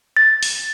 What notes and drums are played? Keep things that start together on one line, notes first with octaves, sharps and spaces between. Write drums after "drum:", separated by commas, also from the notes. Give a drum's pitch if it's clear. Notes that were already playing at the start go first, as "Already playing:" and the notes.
A6
drum: open hi-hat